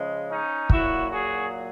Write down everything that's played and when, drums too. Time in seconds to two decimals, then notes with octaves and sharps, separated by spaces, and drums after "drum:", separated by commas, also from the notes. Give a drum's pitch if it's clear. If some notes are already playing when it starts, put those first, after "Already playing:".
Already playing: C#3 F3 G#3
0.29 C#4 D#4
0.70 A#2 F#3 E4 F#4, drum: kick
1.10 F#4 G#4